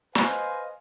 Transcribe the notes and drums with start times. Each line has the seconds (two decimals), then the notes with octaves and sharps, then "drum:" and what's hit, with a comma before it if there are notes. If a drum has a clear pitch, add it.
0.15 B4 C5 D#5 F5 G#5, drum: snare